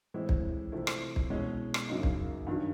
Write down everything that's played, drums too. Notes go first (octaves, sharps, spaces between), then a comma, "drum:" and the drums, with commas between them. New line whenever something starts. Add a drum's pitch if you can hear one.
A2 E3 G#3 C4 E4
drum: kick
C3 F3 A3 C4 E4
drum: rim click
drum: kick
B2 G#3 C#4 E4
drum: rim click
F#2 C#3 F#3 A#3 D#4
drum: kick
G2 D#3 F#3